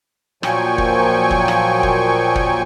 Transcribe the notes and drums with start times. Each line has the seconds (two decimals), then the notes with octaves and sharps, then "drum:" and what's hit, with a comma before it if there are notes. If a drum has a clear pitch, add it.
0.43 A#2 F3 F#3 G5 G#5 C#6, drum: rim click
0.78 drum: kick
1.31 drum: kick
1.48 drum: rim click
1.83 drum: kick
2.36 drum: kick